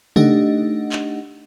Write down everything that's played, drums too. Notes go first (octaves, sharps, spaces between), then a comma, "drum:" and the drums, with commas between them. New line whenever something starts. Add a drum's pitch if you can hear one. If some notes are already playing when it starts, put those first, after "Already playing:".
A3 D4 D#4 G4 D#5 F#5, drum: tom
drum: clap